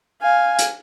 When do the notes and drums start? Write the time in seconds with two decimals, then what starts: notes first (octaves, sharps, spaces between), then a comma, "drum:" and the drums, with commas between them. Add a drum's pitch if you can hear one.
0.22 F5 G#5
0.59 drum: hi-hat